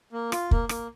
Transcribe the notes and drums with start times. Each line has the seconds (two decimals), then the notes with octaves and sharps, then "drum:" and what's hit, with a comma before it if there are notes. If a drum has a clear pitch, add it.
0.12 A#3
0.32 F4, drum: rim click
0.51 A#3, drum: kick
0.69 A#3, drum: rim click